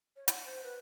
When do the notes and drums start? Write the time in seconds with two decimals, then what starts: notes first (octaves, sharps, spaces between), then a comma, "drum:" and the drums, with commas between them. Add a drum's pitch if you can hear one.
0.16 C#5
0.28 F#5, drum: hi-hat
0.46 C5
0.64 B4